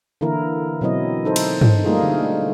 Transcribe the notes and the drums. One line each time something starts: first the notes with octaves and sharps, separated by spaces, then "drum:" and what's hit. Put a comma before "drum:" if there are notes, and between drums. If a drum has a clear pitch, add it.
D3 E3 A#3 E4 A#4
B2 F#3 C4 E4 D#5
D#4 A4 C5
drum: cymbal
drum: tom
G3 A3 A#3 D#4 F4 G#4
D3
A3